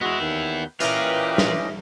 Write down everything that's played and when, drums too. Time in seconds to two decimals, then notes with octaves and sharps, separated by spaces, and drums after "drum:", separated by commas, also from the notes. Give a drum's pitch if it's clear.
0.01 G#3 B3 E4 F#4 D#5
0.20 D#2 D#3 G6
0.80 E3 C#4 F4 G4 A#4 B4 D#5 E5, drum: hi-hat
1.38 drum: snare